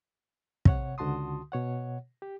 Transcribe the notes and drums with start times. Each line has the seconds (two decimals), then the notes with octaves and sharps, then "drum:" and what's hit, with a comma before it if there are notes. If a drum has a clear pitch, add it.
0.65 C3 C#5 F#5, drum: kick
0.98 C#2 D3 F#4 A5 C6 D#6
1.52 B2 C#5 F#5
2.22 G4